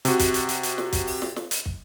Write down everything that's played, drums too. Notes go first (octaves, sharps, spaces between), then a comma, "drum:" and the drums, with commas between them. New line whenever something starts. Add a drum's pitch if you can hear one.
C3 F#4, drum: hi-hat
drum: kick, hi-hat
drum: hi-hat
drum: hi-hat
drum: hi-hat
drum: snare
drum: kick, hi-hat
drum: open hi-hat
drum: snare
drum: snare
drum: hi-hat
drum: kick